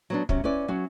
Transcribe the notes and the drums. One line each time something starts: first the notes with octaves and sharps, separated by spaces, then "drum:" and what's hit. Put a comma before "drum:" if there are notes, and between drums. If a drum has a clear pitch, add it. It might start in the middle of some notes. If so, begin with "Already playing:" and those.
F#3 B3 D4
C3 F#3 C#4, drum: kick
C#4 E4 B4 D5
F#3 C#4 F#4